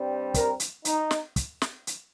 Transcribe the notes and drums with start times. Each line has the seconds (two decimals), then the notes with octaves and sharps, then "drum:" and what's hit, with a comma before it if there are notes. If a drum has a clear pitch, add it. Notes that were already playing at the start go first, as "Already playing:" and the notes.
Already playing: G2 G3 C4
0.34 A#4, drum: kick, hi-hat
0.60 drum: hi-hat
0.85 D#4, drum: hi-hat
1.11 drum: snare
1.36 drum: kick, hi-hat
1.62 drum: snare
1.87 drum: hi-hat